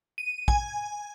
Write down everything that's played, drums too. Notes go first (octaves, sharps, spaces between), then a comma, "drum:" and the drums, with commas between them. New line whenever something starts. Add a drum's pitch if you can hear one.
D#7
G#5, drum: kick A#1